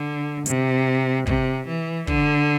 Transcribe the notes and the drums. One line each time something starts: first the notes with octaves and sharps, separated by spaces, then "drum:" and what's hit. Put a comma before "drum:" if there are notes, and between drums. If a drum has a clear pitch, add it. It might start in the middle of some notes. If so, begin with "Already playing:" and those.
Already playing: D3
C3, drum: hi-hat
C3, drum: kick
E3
D3, drum: kick